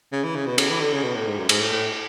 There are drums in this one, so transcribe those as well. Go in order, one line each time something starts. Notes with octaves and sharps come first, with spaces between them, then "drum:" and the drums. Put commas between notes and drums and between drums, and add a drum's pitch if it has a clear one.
C#3
E3
C#3
B2
C#3, drum: cymbal
E3
D3
C#3
B2
A2
G#2
F#2
G#2, drum: cymbal
A2
A2